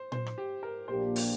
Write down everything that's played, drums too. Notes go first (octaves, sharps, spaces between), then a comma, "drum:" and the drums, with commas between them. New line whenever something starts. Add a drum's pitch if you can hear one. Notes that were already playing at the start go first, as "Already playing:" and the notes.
Already playing: C5
C5, drum: tom A#2
drum: rim click
G4
A#4
A#1 A#2 A#3 D4 G4 C5
drum: open hi-hat